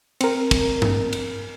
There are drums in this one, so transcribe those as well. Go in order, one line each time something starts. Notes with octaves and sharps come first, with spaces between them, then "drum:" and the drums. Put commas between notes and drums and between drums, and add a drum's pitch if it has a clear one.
C4 A#4, drum: cymbal
drum: kick, cymbal
drum: tom G2
drum: cymbal